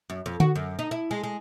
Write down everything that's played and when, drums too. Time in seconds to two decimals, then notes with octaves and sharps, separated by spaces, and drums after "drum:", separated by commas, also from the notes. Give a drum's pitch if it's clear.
0.10 F#2
0.26 F2
0.40 F#4, drum: tom D3
0.56 F#2
0.79 D#4
0.91 E4
1.11 G#3
1.23 G#3